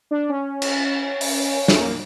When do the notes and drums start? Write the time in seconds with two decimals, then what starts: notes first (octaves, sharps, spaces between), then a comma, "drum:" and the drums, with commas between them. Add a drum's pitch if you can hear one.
0.11 D4
0.29 C#4
0.62 drum: cymbal
1.21 drum: open hi-hat
1.68 A3, drum: snare
1.79 A#3